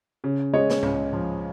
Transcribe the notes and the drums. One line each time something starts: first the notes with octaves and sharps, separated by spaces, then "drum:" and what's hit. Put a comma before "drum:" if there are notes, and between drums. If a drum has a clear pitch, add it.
C#3
G#3 C#5 D#5
drum: snare
C#2, drum: tom G#2
F3